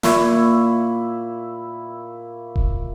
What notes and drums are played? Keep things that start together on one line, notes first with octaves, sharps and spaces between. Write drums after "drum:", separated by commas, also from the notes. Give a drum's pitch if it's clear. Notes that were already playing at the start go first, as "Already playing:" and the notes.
A#2 E4 C#6, drum: snare
drum: kick D#1